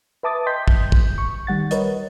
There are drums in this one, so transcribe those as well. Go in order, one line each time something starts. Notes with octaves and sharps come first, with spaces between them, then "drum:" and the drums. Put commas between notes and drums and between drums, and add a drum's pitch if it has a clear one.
B4 E5 A5 D6 D#6 A6
D#5 G5 C6 G6 B6
G6, drum: kick
drum: kick
C#6
D#3 G3 F#5 A6
A#4 B4 C#5 D#5, drum: hi-hat